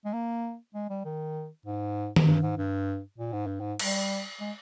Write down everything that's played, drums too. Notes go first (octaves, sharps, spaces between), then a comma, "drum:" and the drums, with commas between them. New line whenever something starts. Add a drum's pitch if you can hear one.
G#3
A#3
G#3
G3
D#3
G#2
drum: tom D#3
G2
G#2
G2
A#2
G#2
G2
G#2
G3, drum: cymbal
G#3